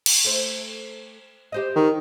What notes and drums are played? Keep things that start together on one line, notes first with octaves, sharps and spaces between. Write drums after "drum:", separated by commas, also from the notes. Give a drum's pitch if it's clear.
drum: cymbal
A3 C5
G4 C5 D#5
D#3